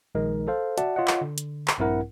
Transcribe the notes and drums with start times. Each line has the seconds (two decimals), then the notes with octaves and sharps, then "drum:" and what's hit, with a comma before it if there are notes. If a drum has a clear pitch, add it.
0.15 A#1 D#3 G#3 D#4 A#4
0.48 A4 C5 F5
0.78 F#4 D5 E5 F#5 A5, drum: hi-hat
0.96 F4 C#5 D#5 F#5
1.08 drum: clap
1.21 D3
1.38 drum: hi-hat
1.68 drum: clap
1.78 A#1 G2 C4 E4 A#4 F#5